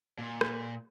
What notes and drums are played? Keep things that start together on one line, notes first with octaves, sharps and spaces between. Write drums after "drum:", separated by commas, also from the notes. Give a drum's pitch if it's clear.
A#2
drum: rim click